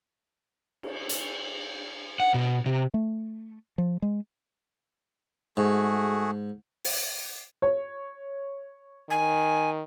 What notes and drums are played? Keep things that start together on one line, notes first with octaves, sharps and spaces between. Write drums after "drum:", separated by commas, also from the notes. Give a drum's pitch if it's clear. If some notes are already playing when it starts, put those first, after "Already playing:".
drum: cymbal
drum: hi-hat
F#5
B2
C3
A3
F3
G#3
G#2 A3 F#4 G#4
drum: open hi-hat
C#5
D#3 G#5